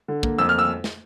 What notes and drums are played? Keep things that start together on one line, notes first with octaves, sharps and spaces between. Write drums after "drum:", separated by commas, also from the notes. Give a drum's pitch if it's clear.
D3
A#3, drum: kick
F2 E6
F6
E6
drum: snare